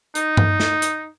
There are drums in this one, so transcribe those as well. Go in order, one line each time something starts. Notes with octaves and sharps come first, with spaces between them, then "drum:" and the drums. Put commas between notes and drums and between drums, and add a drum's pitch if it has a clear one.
D#4, drum: hi-hat
drum: tom G2
drum: snare
drum: hi-hat